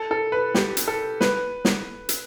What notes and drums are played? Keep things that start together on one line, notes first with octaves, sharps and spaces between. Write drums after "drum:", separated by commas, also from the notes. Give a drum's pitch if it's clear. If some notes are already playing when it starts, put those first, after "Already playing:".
Already playing: A4
A4
B4
G4, drum: snare
drum: hi-hat
A4
B4, drum: snare
drum: snare
drum: hi-hat